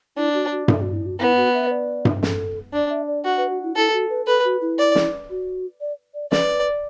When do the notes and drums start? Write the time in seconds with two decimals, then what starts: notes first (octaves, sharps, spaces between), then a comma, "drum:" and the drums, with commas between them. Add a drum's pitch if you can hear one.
0.17 D4 E4
0.34 F#4
0.52 F#4
0.68 A4, drum: tom G2
0.81 F#4
0.93 E4
1.06 F#4
1.20 B3 E4
1.37 F#4
1.54 E5
1.67 B4
1.71 D5
2.05 drum: tom G2
2.23 A4, drum: snare
2.73 D4 D5
2.90 E5
3.07 D5
3.25 F#4
3.37 B4
3.50 F#4
3.63 E4
3.76 E4 A4
3.93 F#4
4.09 B4
4.27 A4 B4
4.45 F#4
4.61 E4
4.78 D5
4.95 drum: snare
5.30 F#4
5.81 D5
6.14 D5
6.32 B4 D5, drum: snare